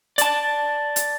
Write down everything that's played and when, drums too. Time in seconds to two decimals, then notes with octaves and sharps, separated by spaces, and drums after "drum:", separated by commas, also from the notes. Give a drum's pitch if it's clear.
0.18 D5 A5, drum: hi-hat
0.96 drum: hi-hat